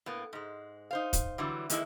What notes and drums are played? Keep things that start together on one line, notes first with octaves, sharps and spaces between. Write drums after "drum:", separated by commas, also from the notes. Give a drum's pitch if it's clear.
A2 A#3 B3
G#2 G#3
D#4 C5 F5
drum: kick, hi-hat
D3 E3 F#3 G3
D#3 E3 G#3 A#3 E4, drum: hi-hat